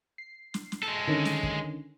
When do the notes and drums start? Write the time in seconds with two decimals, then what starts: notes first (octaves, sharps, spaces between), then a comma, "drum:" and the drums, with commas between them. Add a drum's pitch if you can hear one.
0.18 C7
0.54 drum: snare
0.72 drum: snare
0.83 G#3 A4
1.08 D3 D#3 C#4
1.25 drum: snare
1.43 drum: kick